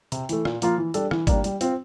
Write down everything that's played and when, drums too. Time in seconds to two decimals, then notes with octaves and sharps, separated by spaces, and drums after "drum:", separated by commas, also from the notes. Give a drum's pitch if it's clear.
0.12 C3, drum: hi-hat
0.29 E3 A3, drum: hi-hat
0.45 A#2, drum: rim click
0.62 F3 A#3 F4, drum: hi-hat
0.78 E3
0.94 G3 D4 A4, drum: hi-hat
1.11 E3, drum: rim click
1.27 G3 A#3 D4, drum: kick G#1, hi-hat
1.44 G3, drum: hi-hat
1.61 C4 F4, drum: hi-hat